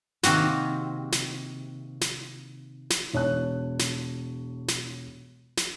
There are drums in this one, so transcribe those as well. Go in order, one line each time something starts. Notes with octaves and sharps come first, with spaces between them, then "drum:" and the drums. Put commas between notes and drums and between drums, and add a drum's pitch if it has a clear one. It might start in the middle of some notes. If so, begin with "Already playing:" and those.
C3 D#3 A#3 C4 F#4, drum: snare
drum: snare
drum: snare
drum: snare
E1 C#5 A5 F#6
drum: snare
drum: snare
drum: snare